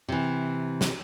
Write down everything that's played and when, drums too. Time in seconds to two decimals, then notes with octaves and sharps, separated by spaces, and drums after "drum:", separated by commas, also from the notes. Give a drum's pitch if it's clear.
0.08 C3 E3
0.81 drum: snare